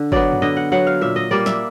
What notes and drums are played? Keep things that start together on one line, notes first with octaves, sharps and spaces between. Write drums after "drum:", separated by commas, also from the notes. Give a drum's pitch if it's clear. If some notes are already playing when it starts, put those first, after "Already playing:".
Already playing: D3
F#3 B3 D5, drum: kick
drum: tom F#2
D3 D#5
F#5
F#3 B3 F#5
F5
A#2 E5
D#5
G3 A#3 D5
E5, drum: snare